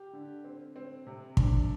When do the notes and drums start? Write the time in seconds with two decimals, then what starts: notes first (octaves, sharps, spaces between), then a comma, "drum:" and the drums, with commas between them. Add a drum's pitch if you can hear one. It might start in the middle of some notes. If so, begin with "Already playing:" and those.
Already playing: G4
0.13 D3
0.44 C4
0.76 C4
1.07 C3
1.37 D4, drum: kick